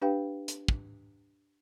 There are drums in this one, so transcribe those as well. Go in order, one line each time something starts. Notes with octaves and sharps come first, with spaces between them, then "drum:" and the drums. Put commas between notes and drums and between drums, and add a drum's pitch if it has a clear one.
D4 G4 B4 F5 G5
drum: hi-hat
drum: kick